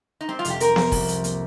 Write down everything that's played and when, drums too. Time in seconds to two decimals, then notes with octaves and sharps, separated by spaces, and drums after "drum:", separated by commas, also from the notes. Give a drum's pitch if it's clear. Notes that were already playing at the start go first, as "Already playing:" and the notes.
0.21 D#4
0.28 G3 C4
0.39 F4
0.45 F1, drum: hi-hat
0.50 G4
0.60 C4 A#4, drum: hi-hat
0.76 F3, drum: snare B3
0.92 C2, drum: kick, open hi-hat
1.08 G3, drum: hi-hat
1.24 A#3, drum: hi-hat